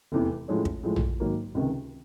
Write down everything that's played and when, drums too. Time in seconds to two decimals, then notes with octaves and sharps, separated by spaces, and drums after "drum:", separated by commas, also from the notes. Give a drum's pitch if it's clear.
0.12 F1 E2 C3 E3
0.48 A2 F3 G#3 C#4
0.65 drum: kick
0.83 A2 F3 G#3
0.96 drum: tom A#1
1.20 G#2 D#3 F#3 A#3
1.55 C#2 C3 D#3